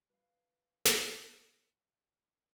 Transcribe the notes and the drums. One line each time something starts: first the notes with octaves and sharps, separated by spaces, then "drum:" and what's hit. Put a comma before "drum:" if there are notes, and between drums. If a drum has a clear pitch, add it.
B4 F5
drum: snare